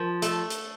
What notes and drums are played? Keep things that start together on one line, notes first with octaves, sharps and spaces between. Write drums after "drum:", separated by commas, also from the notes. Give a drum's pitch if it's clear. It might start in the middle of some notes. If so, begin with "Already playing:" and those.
Already playing: F3 A#4
A3, drum: hi-hat
drum: hi-hat